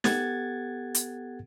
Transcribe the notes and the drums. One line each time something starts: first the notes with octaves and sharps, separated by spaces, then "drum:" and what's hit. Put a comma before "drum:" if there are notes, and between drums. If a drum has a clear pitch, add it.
B3 G4 A4 F#5 G#6 A6, drum: snare
drum: hi-hat